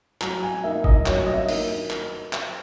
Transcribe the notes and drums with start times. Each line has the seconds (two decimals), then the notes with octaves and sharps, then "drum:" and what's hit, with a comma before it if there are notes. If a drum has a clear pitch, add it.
0.21 F#3 A#5, drum: clap
0.43 G#5
0.64 A#3 D#4 E5
0.84 D#5, drum: kick G#1
1.06 F#3 C#5, drum: clap
1.26 D#5
1.34 E5
1.49 A#3 D#4, drum: open hi-hat
1.90 drum: clap
2.33 drum: clap